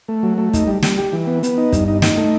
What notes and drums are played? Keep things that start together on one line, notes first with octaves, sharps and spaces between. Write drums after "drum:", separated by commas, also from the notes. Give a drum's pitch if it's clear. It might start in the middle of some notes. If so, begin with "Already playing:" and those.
A3
F#3
A3
D#4, drum: kick, hi-hat
G3
G3, drum: snare
G4
E3
B3
B3, drum: hi-hat
D#4
G2, drum: kick, hi-hat
D#4
D#4, drum: snare
A3